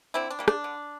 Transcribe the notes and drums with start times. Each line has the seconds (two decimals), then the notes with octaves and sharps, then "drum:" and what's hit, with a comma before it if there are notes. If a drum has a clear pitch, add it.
0.14 D3 C4 E4
0.30 D4
0.39 G3 A#3
0.48 D4, drum: rim click
0.64 D3